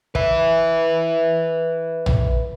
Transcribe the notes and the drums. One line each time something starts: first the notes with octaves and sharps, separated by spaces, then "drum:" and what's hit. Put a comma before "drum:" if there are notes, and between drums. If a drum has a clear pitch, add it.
B4 E5, drum: kick
drum: tom A#1